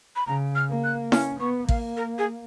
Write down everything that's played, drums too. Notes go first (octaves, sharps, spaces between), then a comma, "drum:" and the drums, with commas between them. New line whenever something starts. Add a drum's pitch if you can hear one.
B5
C#3 A#5
F6
A#3
F#6
C#4 F6, drum: snare E4
B3 C#6
A#3 F5, drum: kick A1
A#4
G#4